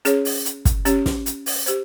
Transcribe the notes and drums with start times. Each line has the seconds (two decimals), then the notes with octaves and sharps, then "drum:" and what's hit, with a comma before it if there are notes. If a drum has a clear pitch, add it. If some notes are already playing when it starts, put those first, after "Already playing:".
0.05 C#4 G#4 C#5, drum: hi-hat
0.25 drum: open hi-hat
0.45 drum: hi-hat
0.65 drum: kick, hi-hat
0.85 C#4 G4 C#5, drum: hi-hat
1.06 drum: snare
1.26 drum: hi-hat
1.46 drum: open hi-hat
1.66 G4 C5, drum: hi-hat